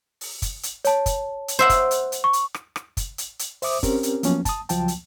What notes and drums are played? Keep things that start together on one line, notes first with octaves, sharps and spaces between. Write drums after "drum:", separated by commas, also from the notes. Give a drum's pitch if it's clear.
drum: open hi-hat
drum: kick, hi-hat
drum: hi-hat
C#5 A5, drum: hi-hat
drum: kick, hi-hat
drum: hi-hat
C5 E5 F#5
drum: kick, hi-hat
drum: hi-hat
drum: hi-hat
C#6
drum: hi-hat
drum: rim click
drum: rim click
drum: kick, hi-hat
drum: hi-hat
drum: hi-hat
C5 E5 D6 D#6, drum: open hi-hat
C4 C#4 G4 A#4, drum: kick, hi-hat
drum: hi-hat
F3 F#3 A#3 B3 C#4, drum: hi-hat
A5 D#6, drum: kick, hi-hat
C#2 F3 F#3 G5 A5, drum: hi-hat
drum: hi-hat